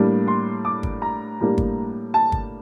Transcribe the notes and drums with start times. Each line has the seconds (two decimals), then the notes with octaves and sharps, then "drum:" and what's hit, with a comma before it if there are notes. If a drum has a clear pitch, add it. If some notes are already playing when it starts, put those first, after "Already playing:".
Already playing: A2 G3 A#3 D4
0.28 C6
0.65 D6
0.83 drum: kick G1
1.02 A#5
1.40 A2 G3 A#3 D4
1.58 drum: kick G1
2.14 A5
2.32 drum: kick G1